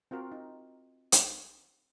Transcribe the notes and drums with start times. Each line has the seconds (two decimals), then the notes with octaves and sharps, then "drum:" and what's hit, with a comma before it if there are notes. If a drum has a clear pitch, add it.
0.11 C4 F4 F#4 A#4
0.32 D#4
1.12 drum: hi-hat